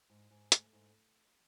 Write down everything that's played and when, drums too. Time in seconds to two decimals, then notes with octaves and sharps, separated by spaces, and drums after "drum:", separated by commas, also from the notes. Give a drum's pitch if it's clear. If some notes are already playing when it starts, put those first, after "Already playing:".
0.10 G#2
0.31 G#2
0.52 A3, drum: hi-hat
0.73 G#2